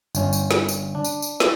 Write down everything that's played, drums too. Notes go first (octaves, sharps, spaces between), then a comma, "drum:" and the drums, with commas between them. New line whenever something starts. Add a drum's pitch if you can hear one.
G1 C#4, drum: tambourine
drum: tambourine
drum: snare
drum: tambourine
D4
drum: tambourine
drum: tambourine
drum: snare